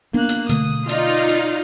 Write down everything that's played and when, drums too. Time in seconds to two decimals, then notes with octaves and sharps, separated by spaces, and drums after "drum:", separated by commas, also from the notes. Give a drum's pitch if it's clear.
0.14 A#3 B3 D4 F#6
0.29 drum: hi-hat
0.49 B2 D3 A3 D#6, drum: hi-hat
0.89 D#4 F4 D5 D#5, drum: hi-hat
1.09 drum: open hi-hat
1.29 drum: hi-hat